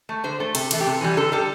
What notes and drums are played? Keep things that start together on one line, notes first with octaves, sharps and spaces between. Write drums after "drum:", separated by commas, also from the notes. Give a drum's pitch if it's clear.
A3
D3 C5
A3 A4
C3 A4, drum: cymbal
E3 A3, drum: cymbal
G4
C3 A4
E3 G3
D3 A4
G3 A4